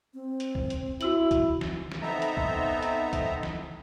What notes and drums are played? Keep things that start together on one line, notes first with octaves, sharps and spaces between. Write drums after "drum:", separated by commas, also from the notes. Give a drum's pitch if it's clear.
C4
drum: hi-hat
drum: kick B1
drum: hi-hat
E4 F#4 E6 F#7, drum: hi-hat
drum: kick B1, hi-hat
drum: snare
drum: snare
B3 C4 D#4 A4 E5 A#5
drum: hi-hat
drum: kick B1
drum: hi-hat
drum: kick B1, hi-hat
drum: snare